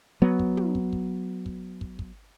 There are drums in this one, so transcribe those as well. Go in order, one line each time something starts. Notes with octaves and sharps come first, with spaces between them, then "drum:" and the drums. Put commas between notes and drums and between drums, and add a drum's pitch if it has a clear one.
F#3 B3
drum: kick
drum: tom
drum: kick
drum: kick
drum: kick
drum: kick
drum: kick